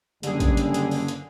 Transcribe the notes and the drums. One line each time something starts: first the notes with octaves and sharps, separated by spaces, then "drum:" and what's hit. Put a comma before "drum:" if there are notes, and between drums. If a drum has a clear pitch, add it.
F#1 D3 G3 G#4, drum: hi-hat
drum: kick G#1, hi-hat
drum: hi-hat
drum: hi-hat
drum: open hi-hat
drum: hi-hat